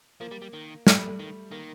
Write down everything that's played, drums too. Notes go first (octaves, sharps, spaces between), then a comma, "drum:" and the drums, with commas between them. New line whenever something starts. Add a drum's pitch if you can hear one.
F3 A#3
G3
G3
D#3
A3, drum: snare
G3
A3
D#3
D#3 A#3